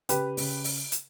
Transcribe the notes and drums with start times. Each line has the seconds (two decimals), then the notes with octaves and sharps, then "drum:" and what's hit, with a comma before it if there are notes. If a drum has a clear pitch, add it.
0.09 C#3 G4 B4, drum: hi-hat
0.37 C#3, drum: open hi-hat
0.64 drum: open hi-hat
0.92 drum: hi-hat